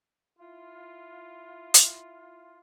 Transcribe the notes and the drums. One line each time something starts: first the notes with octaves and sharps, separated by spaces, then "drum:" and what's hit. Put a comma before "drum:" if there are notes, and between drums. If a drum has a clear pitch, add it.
E4 F4
drum: hi-hat